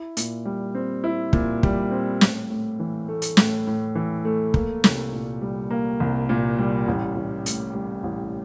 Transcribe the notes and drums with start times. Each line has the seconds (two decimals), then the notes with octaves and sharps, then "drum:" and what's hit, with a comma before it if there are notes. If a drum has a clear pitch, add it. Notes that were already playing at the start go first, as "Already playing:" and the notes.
Already playing: E4
0.17 A#2, drum: hi-hat
0.45 G3
0.75 C4
1.04 E4
1.33 A#2, drum: kick
1.63 G3, drum: kick
1.91 C4
2.21 A2, drum: snare
2.50 A2
2.80 E3
3.08 A3
3.22 drum: hi-hat
3.37 A2, drum: snare
3.67 A2
3.95 E3
4.25 A3
4.54 A#3, drum: kick
4.84 C2, drum: snare
5.13 A#2
5.41 G3
5.71 A#3
6.00 C2
6.29 A#2
6.59 G3
6.88 A1
7.16 A1
7.46 A2, drum: hi-hat
7.74 G3
8.03 A1